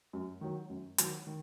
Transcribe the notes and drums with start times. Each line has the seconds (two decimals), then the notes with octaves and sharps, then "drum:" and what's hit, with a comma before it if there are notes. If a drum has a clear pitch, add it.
0.13 F#2
0.41 D#3 F#3
0.70 F#2
0.98 D#3 F#3, drum: hi-hat
1.27 D#3